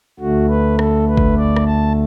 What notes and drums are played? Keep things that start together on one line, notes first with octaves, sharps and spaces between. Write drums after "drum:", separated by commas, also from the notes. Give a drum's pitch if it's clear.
D2 D3 A3 F#4
B4
A4, drum: rim click
B4
drum: kick
D5
drum: rim click
A5